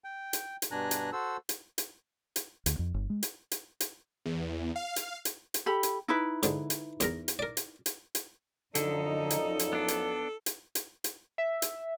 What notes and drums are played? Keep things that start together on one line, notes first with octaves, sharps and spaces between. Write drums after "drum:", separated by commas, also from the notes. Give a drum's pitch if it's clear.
G5
drum: hi-hat
drum: hi-hat
G2 B2 D4 G#5 A#5 F#6
drum: hi-hat
F#4 A4 C5 E6
drum: hi-hat
drum: hi-hat
drum: hi-hat
D2, drum: hi-hat
F2
G1
G#3
drum: hi-hat
drum: hi-hat
drum: hi-hat
E2
F5
drum: hi-hat
drum: hi-hat
drum: hi-hat
G4 A4 B5
drum: hi-hat
D#4 E4 B4
G#2 D3, drum: hi-hat
drum: hi-hat
E2 A#4 A#5, drum: hi-hat
drum: hi-hat
A#4 D5
drum: hi-hat
drum: hi-hat
drum: hi-hat
F#2 D3 F3 D#4 A4 D5, drum: hi-hat
drum: hi-hat
drum: hi-hat
B3 D4
drum: hi-hat
drum: hi-hat
drum: hi-hat
drum: hi-hat
E5
drum: hi-hat